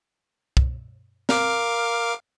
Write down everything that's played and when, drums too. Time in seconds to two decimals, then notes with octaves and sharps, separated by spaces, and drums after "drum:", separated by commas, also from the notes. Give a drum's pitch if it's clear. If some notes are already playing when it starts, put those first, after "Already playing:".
0.57 drum: kick
1.29 A#4 F5 D6, drum: snare